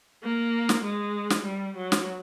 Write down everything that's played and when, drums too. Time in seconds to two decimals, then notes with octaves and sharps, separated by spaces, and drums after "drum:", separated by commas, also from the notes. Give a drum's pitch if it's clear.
0.24 A#3
0.69 drum: snare
0.85 G#3
1.30 drum: snare
1.46 G3
1.76 F#3
1.92 drum: snare